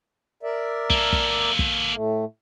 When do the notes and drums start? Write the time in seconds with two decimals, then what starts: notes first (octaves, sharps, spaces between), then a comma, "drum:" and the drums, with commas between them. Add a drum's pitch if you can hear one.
0.43 A#4 D5 E5
0.90 A#3 A4, drum: kick
1.13 drum: kick
1.59 drum: kick
1.94 A2 A3